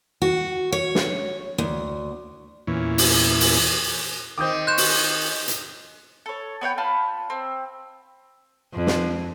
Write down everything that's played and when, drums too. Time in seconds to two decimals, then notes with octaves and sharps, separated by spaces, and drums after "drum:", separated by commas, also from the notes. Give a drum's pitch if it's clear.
0.22 F#4
0.72 C#5
0.95 drum: snare
1.58 D2
2.67 E2 A#2 E3 C#4
2.98 drum: open hi-hat
3.40 drum: open hi-hat
4.38 D#3 C4 D6 D#6 G6
4.67 C6 C#6 F#6 G6 E7
4.78 drum: open hi-hat
5.48 drum: hi-hat
6.26 A4 C#5
6.61 B3 C#5 F5 G5
6.78 F4 B4 A5 F6
7.30 C4
8.74 F2
8.87 drum: snare